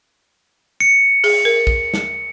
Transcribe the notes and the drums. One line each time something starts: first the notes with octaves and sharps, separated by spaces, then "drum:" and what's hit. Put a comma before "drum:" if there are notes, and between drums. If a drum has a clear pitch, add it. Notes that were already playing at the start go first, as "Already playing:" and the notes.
C#7
G#4, drum: cymbal
A#4
drum: kick
drum: snare